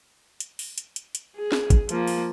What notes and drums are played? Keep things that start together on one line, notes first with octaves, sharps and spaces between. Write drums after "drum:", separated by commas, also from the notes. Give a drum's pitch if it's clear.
drum: hi-hat
drum: open hi-hat
drum: hi-hat
drum: hi-hat
drum: hi-hat
G#4
drum: snare
drum: kick, hi-hat
F3 A#3, drum: hi-hat
drum: open hi-hat